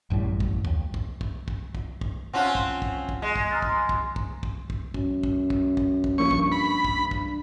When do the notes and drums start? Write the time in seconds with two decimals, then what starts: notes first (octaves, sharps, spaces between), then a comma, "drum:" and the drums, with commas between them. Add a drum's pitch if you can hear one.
0.10 A1 F#2 A2 G3
0.40 drum: kick
0.65 D#2, drum: kick
0.94 drum: kick
1.21 drum: kick
1.48 drum: kick
1.75 drum: kick
2.01 drum: kick
2.33 C4 C#4 F4 F#5 A5 F#6
2.55 drum: kick
2.82 drum: kick
3.09 drum: kick
3.22 G#3
3.36 drum: kick
3.51 A#5 F6 A6
3.62 drum: kick
3.89 drum: kick
4.16 drum: kick
4.43 drum: kick
4.70 drum: kick
4.94 F#2, drum: kick
5.23 drum: kick
5.50 drum: kick
5.77 drum: kick
6.04 drum: kick
6.18 G2 F3 A#3 C#4 C#6
6.31 drum: kick
6.52 B5
6.85 drum: kick
6.97 G2
7.11 drum: kick